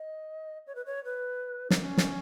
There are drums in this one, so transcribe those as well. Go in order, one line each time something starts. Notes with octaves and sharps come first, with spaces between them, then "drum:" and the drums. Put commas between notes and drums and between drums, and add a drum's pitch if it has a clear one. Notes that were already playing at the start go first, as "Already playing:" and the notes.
Already playing: D#5
C#5
B4
C#5
B4
D#4, drum: snare
C#4
drum: snare